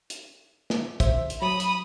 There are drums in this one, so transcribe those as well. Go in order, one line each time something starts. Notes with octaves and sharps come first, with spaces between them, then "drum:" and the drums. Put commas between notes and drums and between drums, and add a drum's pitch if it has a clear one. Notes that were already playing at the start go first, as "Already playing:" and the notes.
drum: hi-hat
drum: snare
C5 E5, drum: kick, hi-hat
drum: hi-hat
F#3 B5 D#6
drum: hi-hat